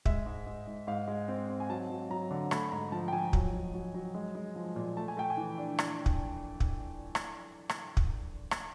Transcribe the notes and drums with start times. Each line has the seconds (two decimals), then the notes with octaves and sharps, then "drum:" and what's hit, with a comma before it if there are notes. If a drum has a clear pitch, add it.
0.05 G#3 E5, drum: kick
0.26 G#2
0.47 G#3
0.67 G#2
0.87 G#2 F5
1.08 G#3
1.28 C4
1.49 C4
1.60 G#5
1.69 F#3 A5
1.90 F#3
2.10 F#3 A#5
2.31 D3
2.51 A3 B5, drum: rim click
2.72 G#2 A#5
2.92 F3 A5
3.08 G5
3.13 F3 G#5
3.33 F#3, drum: kick
3.54 F#3
3.74 F#3
3.94 F#3
4.15 G#3
4.35 G#3
4.56 F3
4.76 A#2
4.97 A3 A5
5.08 G#5
5.17 A3 G5
5.30 G#5
5.37 E3
5.58 D4
5.79 drum: rim click
6.06 drum: kick
6.60 drum: kick
7.15 drum: rim click
7.69 drum: rim click
7.97 drum: kick
8.51 drum: rim click